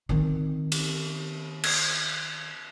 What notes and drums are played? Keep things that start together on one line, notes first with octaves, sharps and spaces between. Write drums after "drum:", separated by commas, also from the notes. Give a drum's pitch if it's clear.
D#3 C4
drum: cymbal
drum: cymbal